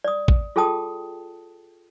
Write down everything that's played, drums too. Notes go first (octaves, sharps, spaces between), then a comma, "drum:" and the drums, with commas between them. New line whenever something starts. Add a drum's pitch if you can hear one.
D5 D#6
drum: kick
F4 G#4 A4 G5 A5 D#6